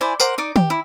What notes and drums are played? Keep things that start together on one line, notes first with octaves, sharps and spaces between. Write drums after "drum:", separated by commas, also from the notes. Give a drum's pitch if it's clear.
E4 C5 D5 G#5
A#4 C5 F#5 D6, drum: tambourine
D#4 D5 D6
G4, drum: tom D#3
E4